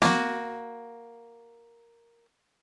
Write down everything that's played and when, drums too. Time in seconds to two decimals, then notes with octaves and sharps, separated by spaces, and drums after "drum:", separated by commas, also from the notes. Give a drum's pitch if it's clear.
0.02 A#3 F#4, drum: snare